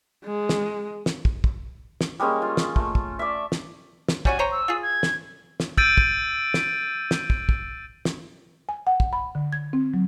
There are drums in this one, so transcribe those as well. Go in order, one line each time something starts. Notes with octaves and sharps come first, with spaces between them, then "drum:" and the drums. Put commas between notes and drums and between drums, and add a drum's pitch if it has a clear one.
G#3
drum: snare
drum: snare
drum: kick
drum: kick
drum: snare
G3 G#3 A#3 C#4
F4
drum: snare
A3, drum: kick
drum: kick
D5 E5
drum: snare
drum: snare
G3 C#4 F#4 G#5, drum: kick
C5 C#5 A#5
E6
F4 G#4
G#6
drum: snare
drum: snare
E6 G6 A6 D7 D#7, drum: kick
drum: kick
drum: snare
drum: snare
drum: kick
drum: kick
drum: snare
G#5
F#5
drum: kick
B5
D3
G#6
C4
F#3